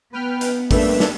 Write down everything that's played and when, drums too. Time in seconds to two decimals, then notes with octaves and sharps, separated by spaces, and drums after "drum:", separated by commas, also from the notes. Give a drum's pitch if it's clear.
0.13 B3 B4 G5 F6
0.41 drum: hi-hat
0.71 G2 A3 A#3 D4 B4 E5, drum: kick, open hi-hat
1.00 drum: snare